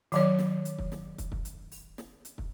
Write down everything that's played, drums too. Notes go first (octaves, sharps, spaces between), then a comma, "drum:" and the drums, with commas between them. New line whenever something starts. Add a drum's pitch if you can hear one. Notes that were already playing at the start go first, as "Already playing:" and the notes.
D#3 F#3 C#5, drum: open hi-hat
drum: snare
drum: hi-hat
drum: kick
drum: snare
drum: kick, hi-hat
drum: kick
drum: hi-hat
drum: open hi-hat
drum: snare
drum: hi-hat
drum: kick